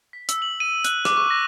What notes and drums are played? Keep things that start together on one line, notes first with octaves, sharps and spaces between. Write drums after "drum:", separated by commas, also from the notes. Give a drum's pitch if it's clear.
B6
E6, drum: hi-hat
F#7
D#7
F#6, drum: hi-hat
D6, drum: rim click
C#6
A#6